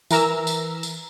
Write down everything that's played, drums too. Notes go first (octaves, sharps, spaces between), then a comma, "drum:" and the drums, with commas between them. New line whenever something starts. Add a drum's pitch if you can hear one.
E3 A#4 A#5 E6, drum: tambourine
drum: tambourine
drum: tambourine